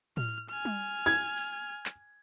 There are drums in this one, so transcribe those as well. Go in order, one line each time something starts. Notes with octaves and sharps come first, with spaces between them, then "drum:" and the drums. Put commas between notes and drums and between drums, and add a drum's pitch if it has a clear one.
F6, drum: tom A2
G#5 F6
drum: tom G3
G#6
drum: open hi-hat
drum: clap